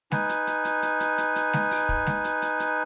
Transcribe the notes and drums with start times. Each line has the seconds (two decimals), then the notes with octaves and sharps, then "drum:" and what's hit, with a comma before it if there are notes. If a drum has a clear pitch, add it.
0.12 D#4 B4 G#5, drum: snare G#3
0.29 drum: hi-hat
0.47 drum: hi-hat
0.65 drum: hi-hat
0.82 drum: hi-hat
1.00 drum: hi-hat
1.18 drum: hi-hat
1.36 drum: hi-hat
1.53 drum: snare G#3
1.71 drum: open hi-hat
1.89 drum: kick
2.07 drum: snare G#3
2.24 drum: hi-hat
2.42 drum: hi-hat
2.60 drum: hi-hat